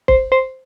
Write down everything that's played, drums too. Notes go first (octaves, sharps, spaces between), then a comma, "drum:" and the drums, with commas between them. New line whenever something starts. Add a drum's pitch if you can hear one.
C5, drum: kick
C5